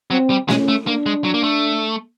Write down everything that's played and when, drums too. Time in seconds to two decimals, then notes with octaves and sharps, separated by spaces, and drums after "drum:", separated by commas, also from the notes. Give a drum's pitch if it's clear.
0.11 F#3 C4
0.30 G3
0.48 G#3 C#4, drum: snare
0.68 A3
0.87 A#3 D4
1.06 G#3
1.24 F#3
1.34 A#3
1.43 A3